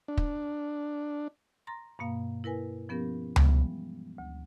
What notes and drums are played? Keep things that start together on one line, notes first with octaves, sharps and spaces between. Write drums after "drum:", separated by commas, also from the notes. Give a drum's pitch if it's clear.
D4
drum: kick
A#5 C6 A6 A#6
G2 B2 A#3 F5
E4 A#4 B4 G#5
F3 B3 C#4 G4 A#4
E3 F3 G3 G#3 B3, drum: tom C#2
D2